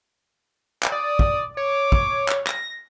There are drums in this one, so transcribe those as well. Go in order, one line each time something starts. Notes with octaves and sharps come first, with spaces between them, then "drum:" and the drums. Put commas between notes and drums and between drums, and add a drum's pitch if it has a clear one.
drum: clap
D5 D#6
drum: kick
C#5 D6
drum: kick
drum: clap
A#6, drum: clap